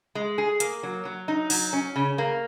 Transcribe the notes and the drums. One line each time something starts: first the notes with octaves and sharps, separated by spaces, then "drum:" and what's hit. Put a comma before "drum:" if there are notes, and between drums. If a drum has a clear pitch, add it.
G#3
G#4
A#3, drum: hi-hat
F#3
F#3
D#4
F#3, drum: open hi-hat
C#4
C#3
A#3